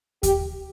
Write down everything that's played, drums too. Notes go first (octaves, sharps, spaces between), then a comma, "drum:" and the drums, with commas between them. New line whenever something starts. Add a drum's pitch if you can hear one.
G4, drum: kick D#2, hi-hat